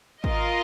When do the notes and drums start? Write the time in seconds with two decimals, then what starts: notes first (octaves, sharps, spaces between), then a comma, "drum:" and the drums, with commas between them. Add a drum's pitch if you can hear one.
0.24 F4 A#4 D#5, drum: kick